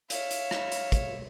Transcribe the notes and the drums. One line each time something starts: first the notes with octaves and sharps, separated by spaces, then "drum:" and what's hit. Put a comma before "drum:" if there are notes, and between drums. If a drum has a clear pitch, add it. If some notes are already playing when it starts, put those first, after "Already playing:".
C#5 E5 F5, drum: hi-hat
drum: hi-hat
drum: rim click
drum: hi-hat
drum: kick, hi-hat